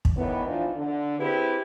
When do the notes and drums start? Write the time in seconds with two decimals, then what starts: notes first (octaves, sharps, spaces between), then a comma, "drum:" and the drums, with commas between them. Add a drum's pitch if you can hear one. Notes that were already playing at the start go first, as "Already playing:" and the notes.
0.05 drum: kick
0.16 A2 D#3 E3 B3
0.45 E3 F3 D4 D#4 F4
0.76 D3
1.18 C4 E4 G4 G#4 B4